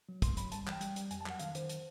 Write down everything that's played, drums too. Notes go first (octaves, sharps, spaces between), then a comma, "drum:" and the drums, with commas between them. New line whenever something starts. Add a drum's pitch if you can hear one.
F#3
G2 C6, drum: kick, hi-hat
F#3 B5, drum: hi-hat
G3 A5, drum: hi-hat
E3 G5, drum: clap
G3, drum: hi-hat
G3, drum: hi-hat
F2 G#5, drum: hi-hat
A5
F#3 F#5, drum: clap
D#3 F5, drum: hi-hat
D#3 C5, drum: hi-hat
drum: hi-hat